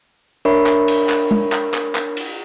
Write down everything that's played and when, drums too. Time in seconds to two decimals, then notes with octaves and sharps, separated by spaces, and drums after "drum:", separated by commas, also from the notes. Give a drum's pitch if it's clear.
0.45 D4 A#4 C#5 E5 B5 C#6
0.66 drum: clap
0.88 drum: cymbal
1.09 drum: clap
1.31 drum: tom G#3
1.52 drum: clap
1.74 drum: clap
1.95 drum: clap
2.17 drum: cymbal